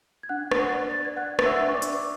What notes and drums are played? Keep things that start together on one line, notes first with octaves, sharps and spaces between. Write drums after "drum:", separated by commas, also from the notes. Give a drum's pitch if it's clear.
G#6
D4 F#5 F#6
D4, drum: rim click
D5
D5 A6
G#6
D5 F#5 F#6
D4, drum: rim click
E5 E6
D4
C#6
D5 D6
D4, drum: hi-hat